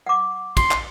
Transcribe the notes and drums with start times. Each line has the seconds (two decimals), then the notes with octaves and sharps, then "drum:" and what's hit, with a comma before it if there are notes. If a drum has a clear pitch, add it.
0.07 F#5 D6
0.57 C6, drum: kick, cymbal
0.71 drum: clap